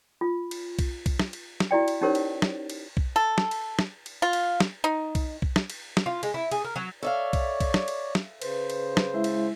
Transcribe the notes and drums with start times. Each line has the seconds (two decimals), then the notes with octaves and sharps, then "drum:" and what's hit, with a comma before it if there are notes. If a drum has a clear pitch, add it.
0.21 F4
0.51 drum: cymbal
0.79 drum: kick B1, cymbal
1.06 drum: kick B1, cymbal
1.19 drum: snare
1.33 drum: cymbal
1.60 drum: snare
1.71 E4 F#4 D5 G5
1.88 drum: cymbal
2.01 C#4 D#4 G4 A#4 C5 C#5
2.15 drum: cymbal
2.42 drum: snare
2.70 drum: cymbal
2.97 drum: kick B1
3.16 A4
3.38 drum: snare
3.51 drum: cymbal
3.79 drum: snare
4.06 drum: cymbal
4.22 F4
4.33 drum: cymbal
4.60 drum: snare
4.84 D#4
5.15 drum: kick B1, cymbal
5.42 drum: kick B1
5.56 drum: snare
5.70 drum: cymbal
5.97 drum: snare
6.06 F4
6.23 G#3, drum: cymbal
6.34 E4
6.51 G#4, drum: cymbal
6.64 A#4
6.76 F#3
7.03 A4 C#5 D5 E5 F5
7.33 drum: kick B1, cymbal
7.60 drum: kick B1, cymbal
7.74 drum: snare
7.88 drum: cymbal
8.15 drum: snare
8.42 C#3 B4 C5, drum: cymbal
8.70 drum: cymbal
8.97 drum: snare
9.14 G#3 E4 E5
9.24 drum: cymbal